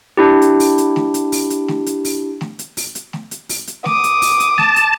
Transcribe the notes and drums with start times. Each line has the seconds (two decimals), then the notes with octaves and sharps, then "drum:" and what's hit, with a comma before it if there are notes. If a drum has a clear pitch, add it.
0.17 D4 E4 G4
0.42 drum: hi-hat
0.60 drum: open hi-hat
0.78 drum: hi-hat
0.96 drum: snare A3
1.14 drum: hi-hat
1.32 drum: open hi-hat
1.50 drum: hi-hat
1.68 drum: snare A3
1.86 drum: hi-hat
2.05 drum: open hi-hat
2.41 drum: snare A3
2.59 drum: hi-hat
2.77 drum: open hi-hat
2.95 drum: hi-hat
3.13 drum: snare A3
3.31 drum: hi-hat
3.49 drum: open hi-hat
3.67 drum: hi-hat
3.85 D6 D#6, drum: snare A3
4.04 drum: hi-hat
4.22 drum: open hi-hat
4.40 drum: hi-hat
4.58 A5, drum: snare A3
4.76 drum: hi-hat